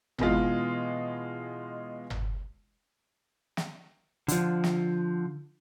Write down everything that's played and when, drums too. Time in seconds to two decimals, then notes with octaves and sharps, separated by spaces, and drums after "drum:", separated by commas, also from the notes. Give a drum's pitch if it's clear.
0.18 B2 E3 G#3 F4, drum: tom G1
2.10 drum: tom G1
3.57 drum: snare
4.28 D3 F3, drum: hi-hat
4.64 drum: snare